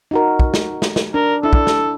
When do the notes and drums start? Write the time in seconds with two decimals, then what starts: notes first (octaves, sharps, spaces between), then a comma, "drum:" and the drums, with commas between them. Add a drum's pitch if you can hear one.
0.11 D#4 F#4 A#4
0.39 drum: kick
0.54 drum: snare
0.82 drum: snare
0.96 drum: snare
1.14 D4 A#4
1.43 D4 E4 A4
1.53 drum: kick
1.67 drum: snare